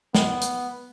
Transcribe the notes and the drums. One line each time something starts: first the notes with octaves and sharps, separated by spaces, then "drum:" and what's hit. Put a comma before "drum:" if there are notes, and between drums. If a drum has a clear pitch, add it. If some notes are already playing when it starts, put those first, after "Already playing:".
B3, drum: snare
drum: hi-hat